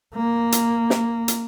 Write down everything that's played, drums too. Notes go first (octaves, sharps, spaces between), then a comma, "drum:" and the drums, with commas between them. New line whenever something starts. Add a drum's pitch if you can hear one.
A#3
drum: hi-hat
drum: snare
drum: hi-hat